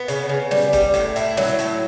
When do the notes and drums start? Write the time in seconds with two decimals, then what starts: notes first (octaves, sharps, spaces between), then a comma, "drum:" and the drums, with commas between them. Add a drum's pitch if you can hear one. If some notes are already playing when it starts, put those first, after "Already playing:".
Already playing: B3
0.08 C#3, drum: hi-hat
0.29 C#3
0.51 G3, drum: snare
0.73 G3, drum: kick F1, hi-hat
0.94 A2, drum: hi-hat
1.16 A2 E4, drum: hi-hat
1.37 F#3, drum: snare
1.59 A2, drum: hi-hat